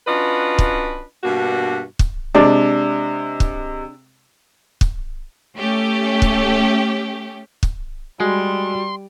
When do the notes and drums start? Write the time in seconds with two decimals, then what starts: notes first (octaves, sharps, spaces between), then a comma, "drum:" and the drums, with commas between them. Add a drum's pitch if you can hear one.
0.07 C#4 D4 F4 F#4 B4 D#5
0.59 drum: kick
1.24 G2 B2 A#3 D4 F#4
1.99 drum: kick
2.35 C3 G#3 D4 D5
3.40 drum: kick
4.81 drum: kick
5.57 A3 C#4 G4
6.22 drum: kick
7.63 drum: kick
8.20 G3 G#3 F#4 C6